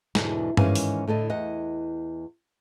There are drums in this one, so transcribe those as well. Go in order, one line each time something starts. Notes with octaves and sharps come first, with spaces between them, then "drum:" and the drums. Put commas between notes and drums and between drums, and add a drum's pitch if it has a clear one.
E2 G#2 B2 D3, drum: snare
G#2 D#3 E3 C#4 F5 G#5, drum: tom G2
drum: open hi-hat
A2 D3 A4 D#5
E2 D#5 F#5